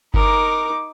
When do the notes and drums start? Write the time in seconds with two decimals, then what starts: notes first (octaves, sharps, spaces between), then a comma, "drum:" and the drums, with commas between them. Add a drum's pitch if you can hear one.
0.14 D#4 A#4 D6, drum: kick G1